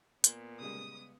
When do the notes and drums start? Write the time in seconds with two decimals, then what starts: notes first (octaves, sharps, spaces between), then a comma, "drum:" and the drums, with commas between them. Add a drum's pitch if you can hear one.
0.24 A#2 B3, drum: hi-hat
0.60 C#3 G3 G#3 D#6